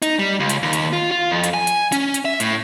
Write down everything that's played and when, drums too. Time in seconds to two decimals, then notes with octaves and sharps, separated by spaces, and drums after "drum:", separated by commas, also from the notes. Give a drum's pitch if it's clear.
0.02 D#4, drum: hi-hat
0.19 G3
0.40 C#2
0.49 drum: hi-hat
0.62 D#2
0.73 drum: hi-hat
0.93 F4
1.11 F4
1.31 F2
1.44 drum: hi-hat
1.54 G#5
1.67 drum: hi-hat
1.92 C#4, drum: hi-hat
2.14 drum: hi-hat
2.25 E5
2.40 A2, drum: hi-hat